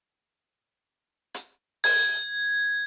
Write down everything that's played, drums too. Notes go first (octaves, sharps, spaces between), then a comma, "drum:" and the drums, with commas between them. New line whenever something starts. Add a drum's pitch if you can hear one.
drum: hi-hat
G#6, drum: open hi-hat